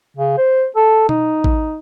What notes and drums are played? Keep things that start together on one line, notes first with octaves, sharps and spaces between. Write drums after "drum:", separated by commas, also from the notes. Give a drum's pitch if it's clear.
C#3
C5
A4
D#4, drum: tom B2
drum: kick A1